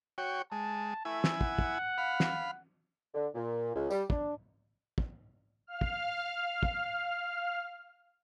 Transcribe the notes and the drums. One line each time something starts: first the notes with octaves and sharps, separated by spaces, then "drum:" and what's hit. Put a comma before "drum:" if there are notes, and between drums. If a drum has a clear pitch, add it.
F#4 C#5 G5
G#3 A5
A3 E4 G#5
drum: snare
F#5, drum: kick
drum: kick
F5 B5
drum: snare
D3
A#2
C#2
G3, drum: tambourine
D4, drum: kick
drum: kick
F5 F6
drum: kick
drum: kick